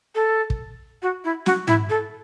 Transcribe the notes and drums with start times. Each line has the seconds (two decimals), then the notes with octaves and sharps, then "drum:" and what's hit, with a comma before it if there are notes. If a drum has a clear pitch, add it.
0.15 A4
0.50 drum: kick
1.02 F#4
1.24 E4
1.46 F#4, drum: snare
1.68 E4, drum: tom G#2
1.90 A4